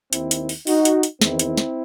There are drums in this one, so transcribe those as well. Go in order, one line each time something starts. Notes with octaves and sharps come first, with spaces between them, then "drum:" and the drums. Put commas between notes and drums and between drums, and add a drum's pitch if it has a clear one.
D#2 D#3 C4 E4, drum: hi-hat
drum: hi-hat
drum: open hi-hat
D#4 F#4, drum: open hi-hat
drum: hi-hat
drum: hi-hat
E2 D#3 C4 E4, drum: snare
drum: hi-hat
drum: snare